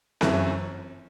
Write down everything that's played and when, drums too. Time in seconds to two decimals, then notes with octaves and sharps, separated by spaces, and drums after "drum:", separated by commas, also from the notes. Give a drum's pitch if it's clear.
0.21 G1 F#2 E3 A3, drum: snare C4